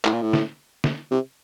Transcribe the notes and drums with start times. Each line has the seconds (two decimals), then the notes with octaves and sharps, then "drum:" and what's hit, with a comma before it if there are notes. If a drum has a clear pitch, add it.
0.05 A2, drum: clap
0.13 A#2
0.22 A2
0.33 drum: snare
0.84 drum: snare
1.11 C3